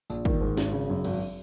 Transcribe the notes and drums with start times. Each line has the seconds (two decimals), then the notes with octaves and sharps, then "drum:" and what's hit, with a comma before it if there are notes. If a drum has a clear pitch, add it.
0.10 A#1, drum: tambourine
0.25 D#3, drum: kick
0.41 G#2
0.57 G#1, drum: snare D4
0.73 C#3
0.90 F#2
1.04 G#1, drum: cymbal